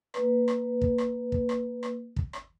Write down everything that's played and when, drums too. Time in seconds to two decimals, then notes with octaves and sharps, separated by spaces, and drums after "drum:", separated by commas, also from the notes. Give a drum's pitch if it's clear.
0.14 A#3 B4, drum: rim click
0.48 drum: rim click
0.81 drum: kick
0.98 drum: rim click
1.32 drum: kick
1.49 drum: rim click
1.83 drum: rim click
2.16 drum: kick
2.33 drum: rim click